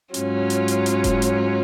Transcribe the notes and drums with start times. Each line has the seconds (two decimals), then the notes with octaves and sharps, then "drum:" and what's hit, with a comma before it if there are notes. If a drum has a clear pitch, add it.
0.14 G#2 F#3 C#4 F4, drum: hi-hat
0.50 drum: hi-hat
0.68 drum: hi-hat
0.86 drum: hi-hat
1.04 drum: kick E1, hi-hat
1.22 drum: hi-hat